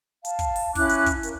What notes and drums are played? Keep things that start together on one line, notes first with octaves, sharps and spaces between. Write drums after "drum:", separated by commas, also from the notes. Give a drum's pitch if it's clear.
F5 A5, drum: hi-hat
drum: kick, hi-hat
drum: open hi-hat
C#4 E4 D6 F#6, drum: kick, open hi-hat
drum: hi-hat
drum: kick, hi-hat
A#4, drum: hi-hat